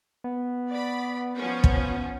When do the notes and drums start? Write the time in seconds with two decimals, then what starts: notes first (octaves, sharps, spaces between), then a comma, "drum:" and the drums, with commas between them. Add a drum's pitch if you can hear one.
0.24 B3
0.70 D5 B5
1.38 F3 C#4
1.64 drum: kick